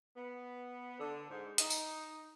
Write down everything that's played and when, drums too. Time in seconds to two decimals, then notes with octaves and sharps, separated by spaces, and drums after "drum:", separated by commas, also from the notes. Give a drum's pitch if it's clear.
0.15 B3
1.00 D3
1.30 G#2
1.58 D#4, drum: hi-hat
1.70 drum: tambourine